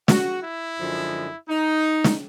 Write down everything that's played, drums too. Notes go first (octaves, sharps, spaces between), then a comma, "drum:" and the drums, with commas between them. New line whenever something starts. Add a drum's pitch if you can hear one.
F#4, drum: snare
E4
F#2 D3 F3 G#3
D#4
drum: snare